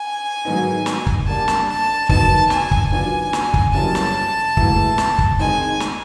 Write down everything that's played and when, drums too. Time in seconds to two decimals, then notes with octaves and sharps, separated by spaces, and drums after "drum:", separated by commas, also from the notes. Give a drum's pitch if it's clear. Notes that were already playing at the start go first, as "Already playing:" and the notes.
Already playing: G#5
0.45 G#2 D#3 F#3 B3 D#4
0.86 drum: snare
1.07 drum: kick
1.27 D3 G3 A#3 D4 A5
1.48 drum: snare
1.69 A5
2.09 D#3 F#3 B3 D#4 A5, drum: kick
2.50 G#5, drum: snare
2.71 drum: kick
2.92 D#3 F#3 B3 D4 F4 G#5
3.33 drum: snare
3.54 drum: kick
3.74 F#2 C#3 E3 G3 A#3 A5
3.95 drum: snare
4.57 G#2 E3 A3, drum: kick
4.98 drum: snare
5.19 drum: kick
5.40 D#3 G#3 C4 D#4 G#5
5.80 drum: snare